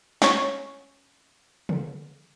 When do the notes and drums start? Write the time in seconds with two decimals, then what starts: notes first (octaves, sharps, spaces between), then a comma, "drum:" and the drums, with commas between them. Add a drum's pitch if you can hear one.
0.22 C#4 C#5, drum: snare
1.69 drum: tom C#3